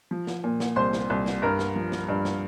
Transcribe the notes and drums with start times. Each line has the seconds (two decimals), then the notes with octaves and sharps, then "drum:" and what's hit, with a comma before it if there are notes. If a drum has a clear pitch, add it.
0.11 F3
0.27 drum: snare
0.44 A#2
0.60 drum: snare
0.76 C2 C5 C6
0.93 drum: snare
1.10 C2
1.26 drum: snare
1.42 G2 A#4 A#5
1.59 drum: snare
1.76 F3
1.92 drum: snare
2.09 G2
2.25 drum: snare